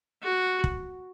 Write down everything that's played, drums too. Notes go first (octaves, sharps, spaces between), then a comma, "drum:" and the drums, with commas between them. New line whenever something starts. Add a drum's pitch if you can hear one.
F#4
drum: kick